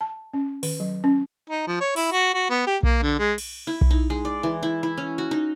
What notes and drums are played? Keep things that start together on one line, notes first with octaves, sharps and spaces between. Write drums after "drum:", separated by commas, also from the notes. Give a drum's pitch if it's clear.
A5
C#4
D#3, drum: open hi-hat
F#3
C#4
D#4
F3
C#5
E4, drum: open hi-hat
F#4
F#4
B3
G4
A#3, drum: kick B1
D3
G#3
drum: cymbal
E4
drum: kick B1
D#4
G#3
D5
E3
E4
E4
C#4
F#4
D#4